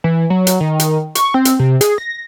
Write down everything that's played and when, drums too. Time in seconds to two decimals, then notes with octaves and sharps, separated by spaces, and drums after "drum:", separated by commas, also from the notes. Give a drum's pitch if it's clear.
0.04 E3
0.30 F#3
0.47 drum: hi-hat
0.60 D#3
0.80 drum: hi-hat
1.15 C#6, drum: hi-hat
1.34 C4
1.45 drum: hi-hat
1.59 C3
1.81 G#4, drum: hi-hat
1.98 A#6